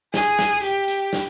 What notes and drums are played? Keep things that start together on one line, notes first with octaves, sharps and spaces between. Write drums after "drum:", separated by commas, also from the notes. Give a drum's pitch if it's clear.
G#4, drum: snare
drum: snare
G4, drum: hi-hat
drum: hi-hat
drum: snare